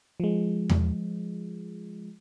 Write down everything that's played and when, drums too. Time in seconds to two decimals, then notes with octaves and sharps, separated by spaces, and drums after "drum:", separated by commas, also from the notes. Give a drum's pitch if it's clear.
0.20 F3 G#3
0.69 drum: tom E2